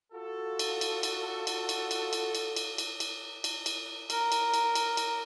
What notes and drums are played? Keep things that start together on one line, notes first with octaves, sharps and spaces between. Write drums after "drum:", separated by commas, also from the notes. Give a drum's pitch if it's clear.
F4 F#4 A4
drum: cymbal
drum: cymbal
drum: cymbal
drum: cymbal
drum: cymbal
drum: cymbal
drum: cymbal
drum: cymbal
drum: cymbal
drum: cymbal
drum: cymbal
drum: cymbal
drum: cymbal
A#4, drum: cymbal
drum: cymbal
drum: cymbal
drum: cymbal
drum: cymbal